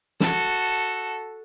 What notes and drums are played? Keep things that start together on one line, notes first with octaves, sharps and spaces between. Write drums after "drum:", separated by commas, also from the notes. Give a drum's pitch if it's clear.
F#4 A4, drum: snare